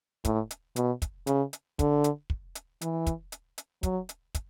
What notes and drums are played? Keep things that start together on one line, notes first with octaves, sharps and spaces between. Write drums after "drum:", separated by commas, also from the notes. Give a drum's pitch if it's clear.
A2, drum: kick, hi-hat
drum: hi-hat
B2, drum: hi-hat
drum: kick, hi-hat
C#3, drum: hi-hat
drum: hi-hat
D3, drum: kick, hi-hat
drum: hi-hat
drum: kick
drum: hi-hat
E3, drum: hi-hat
drum: kick, hi-hat
drum: hi-hat
drum: hi-hat
F#3, drum: kick, hi-hat
drum: hi-hat
drum: kick, hi-hat